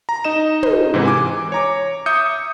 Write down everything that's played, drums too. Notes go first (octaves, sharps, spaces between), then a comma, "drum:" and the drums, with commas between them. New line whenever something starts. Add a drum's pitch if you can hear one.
A#5
D#4 D#5 E7
drum: tom
G#2 C3 E3
G#5 D6
C#5 A#5 D6
E5 D#6 G6 C#7